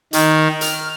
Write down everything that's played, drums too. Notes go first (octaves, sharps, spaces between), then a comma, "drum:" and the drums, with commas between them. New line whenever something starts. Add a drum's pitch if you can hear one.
D#3, drum: hi-hat
F6, drum: hi-hat